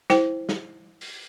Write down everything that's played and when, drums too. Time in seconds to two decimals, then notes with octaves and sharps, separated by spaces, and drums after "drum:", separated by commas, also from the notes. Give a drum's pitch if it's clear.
0.10 E4 C5 G5, drum: snare
0.49 drum: snare
1.01 drum: open hi-hat